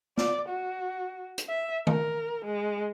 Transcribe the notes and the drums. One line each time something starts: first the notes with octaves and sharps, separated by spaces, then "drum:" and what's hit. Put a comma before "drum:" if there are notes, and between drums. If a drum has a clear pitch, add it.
D5, drum: snare
F#4
drum: hi-hat
E5
A#4, drum: tom D#3
G#3